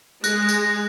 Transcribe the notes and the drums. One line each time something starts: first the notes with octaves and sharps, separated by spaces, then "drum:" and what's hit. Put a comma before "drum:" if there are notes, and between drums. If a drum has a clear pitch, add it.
G#3 F#6 A#6, drum: tambourine
drum: tambourine